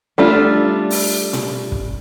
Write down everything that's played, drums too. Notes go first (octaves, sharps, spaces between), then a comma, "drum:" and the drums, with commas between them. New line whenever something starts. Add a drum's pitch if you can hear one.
G3 A3 D4 F4
drum: open hi-hat
drum: tom A#2
drum: kick